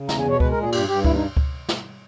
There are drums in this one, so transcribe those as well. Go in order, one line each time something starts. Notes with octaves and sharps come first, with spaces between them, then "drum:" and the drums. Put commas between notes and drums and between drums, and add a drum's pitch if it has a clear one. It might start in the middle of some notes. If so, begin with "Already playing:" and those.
Already playing: C#3
E2 A#5, drum: snare
G#5
B2 C#5
G#3 B4, drum: kick C#2
A#4
A#2
G#4
G2 G4, drum: cymbal
G2 G4
D#2 E4, drum: kick C#2
D#4
drum: kick C#2
drum: snare